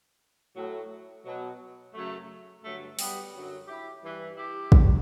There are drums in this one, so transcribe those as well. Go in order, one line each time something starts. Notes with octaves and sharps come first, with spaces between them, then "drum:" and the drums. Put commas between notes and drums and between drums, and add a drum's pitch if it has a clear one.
A2 F#3
B2 F#3
F#2 C#3 F#3 A3
G2 D3 F#3 A3
G3 B3, drum: open hi-hat
F#2 D3 F#3
E4 G4
G2 E3
E4 G4
F#3, drum: kick